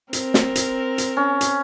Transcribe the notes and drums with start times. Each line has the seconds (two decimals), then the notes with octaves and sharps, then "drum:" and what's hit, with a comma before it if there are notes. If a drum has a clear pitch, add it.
0.13 C4 A#4, drum: hi-hat
0.34 drum: snare
0.55 drum: hi-hat
0.98 drum: hi-hat
1.17 C#4
1.41 drum: hi-hat